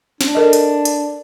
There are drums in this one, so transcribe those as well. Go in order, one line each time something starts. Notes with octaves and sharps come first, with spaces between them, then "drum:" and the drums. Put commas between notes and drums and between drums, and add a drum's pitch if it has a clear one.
D4, drum: snare
A4 A#4 D#5
drum: hi-hat
drum: hi-hat